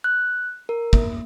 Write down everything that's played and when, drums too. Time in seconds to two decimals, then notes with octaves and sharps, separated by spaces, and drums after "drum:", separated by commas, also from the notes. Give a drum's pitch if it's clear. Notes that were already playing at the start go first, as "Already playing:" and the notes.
0.04 F#6
0.69 A#4
0.93 A#3, drum: kick